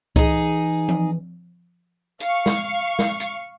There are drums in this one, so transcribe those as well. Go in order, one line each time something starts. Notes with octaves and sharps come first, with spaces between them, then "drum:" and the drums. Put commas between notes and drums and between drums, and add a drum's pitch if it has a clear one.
E3 D#4 G#4, drum: kick C#2
drum: tom F3
F5 C#6, drum: hi-hat
drum: snare
drum: snare
drum: hi-hat